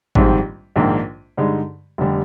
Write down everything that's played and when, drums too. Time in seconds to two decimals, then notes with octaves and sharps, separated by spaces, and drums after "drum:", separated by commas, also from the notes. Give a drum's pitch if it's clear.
0.15 A#1 G#2 D#3 G3 C4, drum: kick
0.76 A#1 G#2 D#3 A#3 D4
1.37 G2 D3 G#3 D#4
1.98 F1 D3 G3